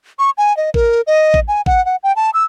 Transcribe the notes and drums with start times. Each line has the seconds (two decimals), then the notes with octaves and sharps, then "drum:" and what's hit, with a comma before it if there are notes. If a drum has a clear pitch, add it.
0.19 C#6
0.38 G#5
0.57 D#5
0.74 A#4, drum: kick A1
1.07 D#5
1.34 drum: kick A1
1.48 G#5
1.66 F#5, drum: kick A1
1.86 F#5
2.03 G5
2.16 A5
2.34 E6